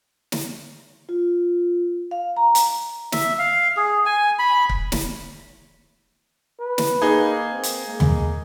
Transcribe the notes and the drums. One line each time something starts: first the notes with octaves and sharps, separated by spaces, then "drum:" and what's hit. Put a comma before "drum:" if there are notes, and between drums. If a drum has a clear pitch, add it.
drum: snare
F4
F5
A#5
drum: hi-hat
E5, drum: snare
F5
G#4
G#5
B5
drum: kick C#1
drum: snare
B4
drum: snare
A#3 D#4 G#4
C4
drum: hi-hat
G#3 A#3
drum: tom D#2